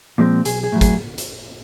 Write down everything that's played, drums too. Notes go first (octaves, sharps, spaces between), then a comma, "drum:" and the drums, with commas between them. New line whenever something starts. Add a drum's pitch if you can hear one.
A#2 F3 G#3 C4
B1 G#4, drum: hi-hat
G#4
A2 F#3
G#4, drum: kick, hi-hat
drum: hi-hat